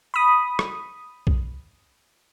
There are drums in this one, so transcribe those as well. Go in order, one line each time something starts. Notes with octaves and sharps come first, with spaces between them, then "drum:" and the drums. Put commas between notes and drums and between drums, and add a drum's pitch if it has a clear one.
B5 D#6
drum: rim click
drum: kick